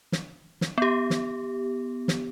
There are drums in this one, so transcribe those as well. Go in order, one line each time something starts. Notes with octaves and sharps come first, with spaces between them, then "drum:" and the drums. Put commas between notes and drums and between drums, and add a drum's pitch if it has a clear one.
drum: snare
drum: snare
B3 G4
drum: snare
drum: snare